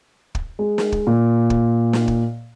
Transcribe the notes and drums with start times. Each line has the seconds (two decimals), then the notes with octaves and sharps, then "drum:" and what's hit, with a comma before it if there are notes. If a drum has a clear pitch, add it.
0.35 drum: kick
0.59 G#3
0.78 drum: snare
0.92 drum: kick
1.07 A#2
1.50 drum: kick
1.93 drum: snare
2.08 drum: kick